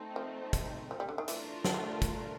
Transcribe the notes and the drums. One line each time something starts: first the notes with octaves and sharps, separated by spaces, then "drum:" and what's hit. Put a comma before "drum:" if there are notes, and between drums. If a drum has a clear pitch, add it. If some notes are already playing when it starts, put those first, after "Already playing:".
Already playing: A3 C4 D#4
F3
drum: kick, hi-hat
F3
G3
D3
D#3
E3 A3 D4 F4 A#4, drum: hi-hat
F3, drum: snare
F#3
F3
drum: kick, hi-hat